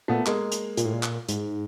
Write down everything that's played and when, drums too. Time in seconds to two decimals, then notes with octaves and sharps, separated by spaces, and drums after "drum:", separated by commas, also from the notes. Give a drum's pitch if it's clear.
0.08 A#2 A3 B3
0.26 G#3 A#3, drum: clap
0.52 drum: hi-hat
0.77 A#2, drum: hi-hat
0.85 A2
0.93 A#2
1.03 drum: clap
1.29 G#2, drum: hi-hat